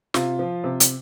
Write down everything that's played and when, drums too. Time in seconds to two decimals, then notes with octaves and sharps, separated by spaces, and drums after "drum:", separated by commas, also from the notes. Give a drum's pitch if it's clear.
0.14 C3 F4, drum: snare
0.39 F3
0.64 C3
0.80 drum: hi-hat